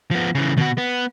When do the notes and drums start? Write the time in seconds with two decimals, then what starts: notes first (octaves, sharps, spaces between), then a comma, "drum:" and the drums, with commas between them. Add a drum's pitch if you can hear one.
0.11 F3 B3
0.35 C#3 E3
0.57 B2 F#4, drum: tom D3
0.78 B3